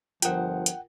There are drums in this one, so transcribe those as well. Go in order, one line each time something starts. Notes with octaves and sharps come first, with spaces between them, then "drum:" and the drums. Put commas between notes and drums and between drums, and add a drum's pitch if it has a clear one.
G1 F3 F4 A#4 F#5 G5, drum: hi-hat
drum: hi-hat